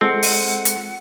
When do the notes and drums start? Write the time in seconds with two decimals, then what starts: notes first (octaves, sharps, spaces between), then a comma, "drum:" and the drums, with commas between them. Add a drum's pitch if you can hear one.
0.01 G#3 C4 F4 A4 F#5
0.23 drum: open hi-hat
0.65 drum: hi-hat